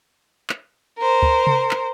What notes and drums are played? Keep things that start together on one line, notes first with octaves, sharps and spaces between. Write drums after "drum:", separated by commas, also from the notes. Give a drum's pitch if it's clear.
drum: clap
A#4 C5
drum: kick
drum: tom C3
drum: clap